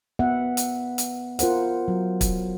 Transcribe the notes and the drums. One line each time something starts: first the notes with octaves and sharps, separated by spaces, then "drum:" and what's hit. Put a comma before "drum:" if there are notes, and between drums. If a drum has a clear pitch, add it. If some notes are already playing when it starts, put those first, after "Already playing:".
B3 E5 F#5
drum: hi-hat
drum: hi-hat
F4 A#4 C5 F#5, drum: hi-hat
F#3
drum: kick, hi-hat